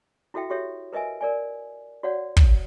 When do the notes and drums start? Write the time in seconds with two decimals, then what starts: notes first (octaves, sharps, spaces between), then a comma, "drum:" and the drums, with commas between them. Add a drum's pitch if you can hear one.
0.34 E4 F#4 A4 E5 G5
0.50 F#4 G4 A4 C#5 E5
0.93 A#4 B4 D#5 E5 G#5
1.21 A#4 D5 G#5
2.03 F#4 C#5 D5 F5 F#5
2.37 drum: kick